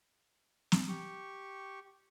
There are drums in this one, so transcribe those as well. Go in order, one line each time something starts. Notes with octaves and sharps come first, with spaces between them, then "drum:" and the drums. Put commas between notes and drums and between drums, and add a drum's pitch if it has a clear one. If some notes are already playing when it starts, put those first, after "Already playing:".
drum: snare
G4 C#6